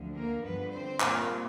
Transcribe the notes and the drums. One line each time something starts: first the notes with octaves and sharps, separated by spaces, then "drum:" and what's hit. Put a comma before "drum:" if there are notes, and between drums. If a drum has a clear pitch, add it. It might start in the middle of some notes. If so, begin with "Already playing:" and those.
Already playing: D2 D3 F3
A#3 A#4
G2 D3 F3 B3 B4
C4 C5
A#2 G3 A#3, drum: clap